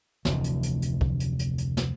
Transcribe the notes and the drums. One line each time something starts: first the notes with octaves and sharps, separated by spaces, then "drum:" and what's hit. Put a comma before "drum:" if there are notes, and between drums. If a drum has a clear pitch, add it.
F1 D2 E3, drum: snare
drum: hi-hat
drum: hi-hat
drum: hi-hat
drum: kick
drum: hi-hat
drum: hi-hat
drum: hi-hat
drum: snare